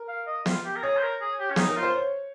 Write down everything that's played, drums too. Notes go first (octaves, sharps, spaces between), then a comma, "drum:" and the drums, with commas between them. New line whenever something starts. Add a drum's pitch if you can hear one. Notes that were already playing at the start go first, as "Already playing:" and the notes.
Already playing: A#4
F5
D#5
F4, drum: snare
G4
A#4
G#4 C#5
C5
A#4
G#4
G4
C#4
D#4 G#4, drum: snare
A#4
F4
C5
C#5